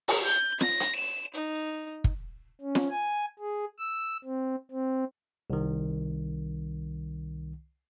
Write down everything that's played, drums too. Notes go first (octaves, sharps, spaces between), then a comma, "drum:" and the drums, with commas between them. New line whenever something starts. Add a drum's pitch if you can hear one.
drum: open hi-hat
G6
A#6, drum: snare
drum: hi-hat
E7
D#4
drum: kick
C#4
drum: snare
G#5
G#4
E6
C4
C4
C2 D#3